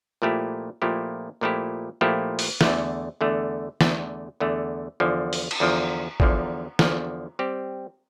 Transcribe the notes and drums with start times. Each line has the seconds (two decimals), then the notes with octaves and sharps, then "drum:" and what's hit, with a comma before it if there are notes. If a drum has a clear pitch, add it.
0.22 A#2 F3 A3 E4 G4
0.82 A#2 F3 A3 E4 G4
1.41 A#2 F3 A3 E4 G4
2.01 A#2 F3 A3 E4 G4
2.39 drum: open hi-hat
2.61 E2 D3 A3, drum: snare
3.21 E2 D3 A3
3.81 E2 D3 A3, drum: snare
4.40 E2 D3 A3
5.00 E2 D3 F3
5.33 drum: open hi-hat
5.51 drum: cymbal
5.60 E2 D3 F3
6.20 E2 D3 F3, drum: kick
6.79 E2 D3 F3, drum: snare
7.39 G3 C4 G4